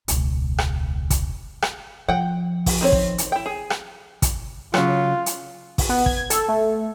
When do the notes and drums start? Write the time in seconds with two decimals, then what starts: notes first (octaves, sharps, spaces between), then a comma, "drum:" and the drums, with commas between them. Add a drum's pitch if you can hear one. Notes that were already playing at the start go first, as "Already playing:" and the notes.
0.08 E1 C#2, drum: hi-hat
0.58 drum: rim click
1.10 drum: kick, hi-hat
1.62 drum: rim click
2.08 F3 F#5 G5
2.66 drum: kick, open hi-hat
2.81 D#3 C4 C#5
2.92 drum: kick
3.18 drum: hi-hat
3.32 E4 G5
3.46 G#4
3.70 drum: rim click
4.22 drum: kick, hi-hat
4.74 C#3 F#3 F4, drum: rim click
5.26 drum: hi-hat
5.78 drum: kick, open hi-hat
5.89 B3
6.06 G#6, drum: kick
6.30 A4, drum: hi-hat
6.48 A3